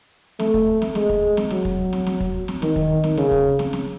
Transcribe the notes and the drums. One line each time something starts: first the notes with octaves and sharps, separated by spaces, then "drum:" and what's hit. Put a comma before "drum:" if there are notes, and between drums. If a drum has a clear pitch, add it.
A3, drum: snare
drum: kick
drum: snare
G#3, drum: snare
drum: kick
drum: snare
F#3, drum: snare
drum: kick
drum: snare
drum: snare
drum: kick
drum: snare
D#3, drum: snare
drum: kick
drum: snare
C#3, drum: snare
drum: kick
drum: snare
drum: snare